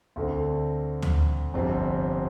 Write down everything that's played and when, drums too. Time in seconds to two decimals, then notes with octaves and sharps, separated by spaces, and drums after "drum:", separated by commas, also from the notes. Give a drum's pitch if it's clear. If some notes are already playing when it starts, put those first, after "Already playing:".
0.16 D2 D3 A3 C4
1.02 drum: tom
1.54 G1 F2 C3 G3 C4